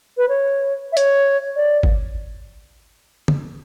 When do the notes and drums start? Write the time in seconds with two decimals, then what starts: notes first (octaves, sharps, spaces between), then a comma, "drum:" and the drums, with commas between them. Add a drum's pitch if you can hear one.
0.17 B4
0.29 C#5
0.92 E5
0.97 C#5, drum: hi-hat
1.56 D5
1.83 drum: kick
3.28 drum: tom